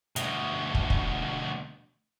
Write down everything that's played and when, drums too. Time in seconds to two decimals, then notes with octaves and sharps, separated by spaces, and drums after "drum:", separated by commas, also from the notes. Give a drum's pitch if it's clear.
0.16 D2 B2, drum: hi-hat
0.75 drum: kick
0.90 drum: kick